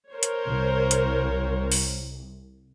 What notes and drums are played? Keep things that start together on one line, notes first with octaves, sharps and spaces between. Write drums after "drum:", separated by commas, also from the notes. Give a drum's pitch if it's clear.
A#4 C5 C#5
drum: hi-hat
C2
drum: hi-hat
drum: open hi-hat